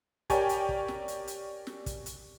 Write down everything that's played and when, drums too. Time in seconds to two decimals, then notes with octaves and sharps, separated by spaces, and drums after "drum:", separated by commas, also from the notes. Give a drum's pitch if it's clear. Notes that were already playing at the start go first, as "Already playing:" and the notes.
0.30 G4 A#4 C#5 D5 G5 G#5, drum: kick, hi-hat
0.49 drum: hi-hat
0.69 drum: kick
0.88 drum: snare
1.08 drum: hi-hat
1.28 drum: hi-hat
1.67 drum: snare
1.86 drum: kick, hi-hat
2.06 drum: hi-hat